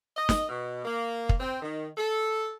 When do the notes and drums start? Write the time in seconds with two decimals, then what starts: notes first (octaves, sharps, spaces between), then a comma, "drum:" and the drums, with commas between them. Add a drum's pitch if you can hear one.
0.16 D#5
0.29 drum: snare
0.49 B2
0.85 A#3
1.29 drum: kick
1.40 C4
1.62 D#3
1.97 A4